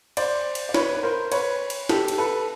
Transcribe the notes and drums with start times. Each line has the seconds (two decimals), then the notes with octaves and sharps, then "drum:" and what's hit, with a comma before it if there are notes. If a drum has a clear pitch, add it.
0.17 C5 D5, drum: cymbal
0.55 drum: cymbal
0.69 D5
0.74 B4 C#5, drum: snare
0.95 B4
1.03 A#4 C5
1.32 B4 C#5, drum: cymbal
1.70 drum: cymbal
1.89 G4 A4, drum: snare
2.08 drum: cymbal
2.18 A4 B4